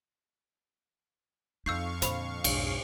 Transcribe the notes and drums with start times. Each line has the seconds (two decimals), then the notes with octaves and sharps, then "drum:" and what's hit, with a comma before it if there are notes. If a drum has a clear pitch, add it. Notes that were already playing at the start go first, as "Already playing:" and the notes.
1.66 F2 D#4 F5 C#6 E6 G6 C7
2.02 A#2 D3 C5 B5 F7, drum: hi-hat
2.44 B1 G#2, drum: cymbal